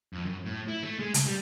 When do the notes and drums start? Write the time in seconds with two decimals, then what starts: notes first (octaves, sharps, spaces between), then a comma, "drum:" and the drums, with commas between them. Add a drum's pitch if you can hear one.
0.13 F2
0.25 F#2
0.45 A2
0.68 E4
0.83 A3
0.99 G#3
1.14 C#2, drum: hi-hat
1.27 G3